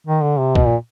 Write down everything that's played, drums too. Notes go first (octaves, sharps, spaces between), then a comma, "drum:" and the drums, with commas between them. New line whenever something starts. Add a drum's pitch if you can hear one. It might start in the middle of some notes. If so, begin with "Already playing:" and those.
D#3
D3
C3
B2, drum: kick
A#2